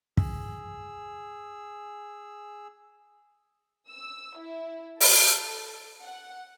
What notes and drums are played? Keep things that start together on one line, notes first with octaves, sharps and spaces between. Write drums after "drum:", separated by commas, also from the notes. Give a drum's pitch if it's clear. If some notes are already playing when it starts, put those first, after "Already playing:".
G#4 E6, drum: kick
E6
E4
A4, drum: open hi-hat
F#5